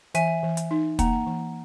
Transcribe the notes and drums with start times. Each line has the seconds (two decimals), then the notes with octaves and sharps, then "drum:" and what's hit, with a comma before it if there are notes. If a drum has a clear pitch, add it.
0.15 E3 E5 G#5, drum: hi-hat
0.43 E3
0.57 drum: hi-hat
0.71 D#4
0.99 A#3 F#5 A#5, drum: kick, hi-hat
1.27 E3